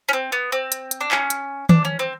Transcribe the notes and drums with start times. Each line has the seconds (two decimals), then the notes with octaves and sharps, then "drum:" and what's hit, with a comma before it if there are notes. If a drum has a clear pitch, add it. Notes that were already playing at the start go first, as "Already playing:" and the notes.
0.09 C#4
0.13 C4
0.32 B3
0.52 C4
0.72 drum: hi-hat
0.91 drum: hi-hat
1.01 D4
1.11 C#4, drum: clap
1.30 drum: hi-hat
1.69 D4, drum: tom D#3
1.85 C#4
1.99 C4